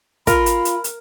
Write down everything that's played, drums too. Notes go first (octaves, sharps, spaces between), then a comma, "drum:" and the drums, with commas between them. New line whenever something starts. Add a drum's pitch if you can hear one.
F4 A#4 B5, drum: kick, hi-hat
drum: hi-hat
drum: hi-hat
drum: hi-hat